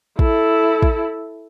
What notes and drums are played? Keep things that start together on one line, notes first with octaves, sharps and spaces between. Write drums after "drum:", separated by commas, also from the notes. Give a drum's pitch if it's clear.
E4 A4, drum: kick
drum: kick